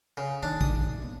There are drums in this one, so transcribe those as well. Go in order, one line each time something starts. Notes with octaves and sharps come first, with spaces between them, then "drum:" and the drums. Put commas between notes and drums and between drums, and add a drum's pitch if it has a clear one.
C#3
D#3 D4
D#6, drum: kick A#1
B3